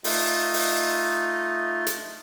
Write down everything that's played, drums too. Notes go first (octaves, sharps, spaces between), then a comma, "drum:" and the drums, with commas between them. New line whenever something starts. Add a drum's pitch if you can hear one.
A3 D#4 F4 D#5, drum: open hi-hat
drum: open hi-hat
drum: hi-hat